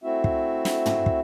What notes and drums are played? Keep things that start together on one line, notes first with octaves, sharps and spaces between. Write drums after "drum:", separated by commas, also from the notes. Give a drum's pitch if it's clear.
A3 C4 E4 F#4 E5
drum: kick
drum: snare
drum: tom
drum: kick